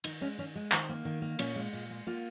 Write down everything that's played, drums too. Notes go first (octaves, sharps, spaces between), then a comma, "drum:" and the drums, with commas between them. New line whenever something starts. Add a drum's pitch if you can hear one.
D#3 D#4, drum: cymbal
G#3 C#4
D#3 C#4
G#3
D#3 C4, drum: clap
A#3
D#3
A#3
A#2 C#4, drum: cymbal
G#3
A#2
G#3
A#3 F4